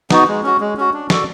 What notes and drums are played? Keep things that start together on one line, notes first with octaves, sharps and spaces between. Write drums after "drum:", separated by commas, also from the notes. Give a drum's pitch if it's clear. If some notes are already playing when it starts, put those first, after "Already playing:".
B3 D#4 F#4, drum: snare
G#3
C#4 F#4
G#3
C#4 F#4
D4
F#4 A4 D5, drum: snare